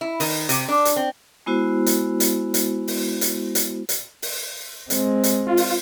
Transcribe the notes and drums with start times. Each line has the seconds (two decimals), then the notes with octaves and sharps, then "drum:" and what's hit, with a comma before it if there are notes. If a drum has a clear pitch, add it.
0.01 E4
0.20 D#3, drum: open hi-hat
0.49 C3, drum: hi-hat
0.69 D4
0.85 drum: hi-hat
0.96 C4
1.46 G#3 B3 E4 F#4 C5
1.86 drum: hi-hat
2.20 drum: hi-hat
2.54 drum: hi-hat
2.88 drum: open hi-hat
3.21 drum: hi-hat
3.55 drum: hi-hat
3.89 drum: hi-hat
4.22 drum: open hi-hat
4.90 G#3 C4, drum: hi-hat
5.24 drum: hi-hat
5.47 F4
5.57 drum: open hi-hat